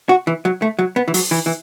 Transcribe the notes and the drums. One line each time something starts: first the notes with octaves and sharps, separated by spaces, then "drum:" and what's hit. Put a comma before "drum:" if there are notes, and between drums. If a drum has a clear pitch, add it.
F#4
E3
F#3
A3
F#3
B3
E3
F#3, drum: open hi-hat
E3
E3